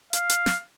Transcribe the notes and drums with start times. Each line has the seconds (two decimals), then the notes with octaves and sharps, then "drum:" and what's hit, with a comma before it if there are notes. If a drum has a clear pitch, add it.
0.13 F5, drum: hi-hat
0.30 drum: hi-hat
0.46 drum: snare